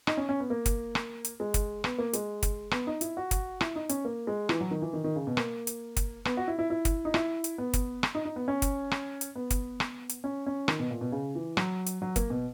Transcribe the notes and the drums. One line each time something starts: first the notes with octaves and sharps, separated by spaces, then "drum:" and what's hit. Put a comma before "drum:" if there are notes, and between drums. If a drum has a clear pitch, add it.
D#4, drum: rim click
C#4
C#4
B3
A#3
drum: kick, hi-hat
drum: rim click
drum: hi-hat
G#3
drum: kick, hi-hat
B3, drum: rim click
A#3
G#3, drum: hi-hat
drum: kick, hi-hat
B3, drum: rim click
D#4
E4, drum: hi-hat
F#4
drum: kick, hi-hat
E4, drum: rim click
D#4
C#4, drum: hi-hat
A#3
G#3
E3, drum: rim click
F#3
D#3
E3
D#3
D#3
C#3
B2
A#3, drum: rim click
drum: hi-hat
drum: kick, hi-hat
B3, drum: rim click
F#4
E4
E4
E4
drum: kick, hi-hat
D#4
E4, drum: rim click
drum: hi-hat
B3
drum: kick, hi-hat
drum: rim click
D#4
D#4
B3
C#4
drum: kick, hi-hat
drum: rim click
drum: hi-hat
B3
drum: kick, hi-hat
drum: rim click
drum: hi-hat
C#4
C#4
D#3, drum: rim click
B2
A#2
B2
C#3
E3
F#3, drum: rim click
drum: hi-hat
F#3
A#3, drum: kick, hi-hat
B2